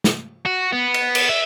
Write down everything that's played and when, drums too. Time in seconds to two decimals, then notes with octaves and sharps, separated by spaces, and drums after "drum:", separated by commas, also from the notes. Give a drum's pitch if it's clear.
0.04 drum: snare
0.46 F#4
0.73 B3
0.94 drum: cymbal
1.15 drum: cymbal
1.29 E5